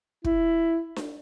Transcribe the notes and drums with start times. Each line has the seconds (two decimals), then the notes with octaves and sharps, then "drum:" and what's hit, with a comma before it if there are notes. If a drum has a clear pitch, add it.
0.24 E4, drum: kick
0.96 drum: snare D4